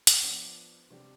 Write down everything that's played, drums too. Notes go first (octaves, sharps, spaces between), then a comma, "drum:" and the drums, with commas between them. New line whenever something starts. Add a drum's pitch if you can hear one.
drum: hi-hat
F3 B3 D4
C3 G3 D4 G4